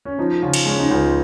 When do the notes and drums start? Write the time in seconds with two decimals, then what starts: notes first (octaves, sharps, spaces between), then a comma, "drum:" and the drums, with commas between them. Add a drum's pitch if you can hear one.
0.05 C#4
0.19 F3 D#4
0.42 C#3 C#4 F4
0.54 drum: cymbal
0.66 G#3 C#4
0.79 D#4
0.89 C#2 C#4 F4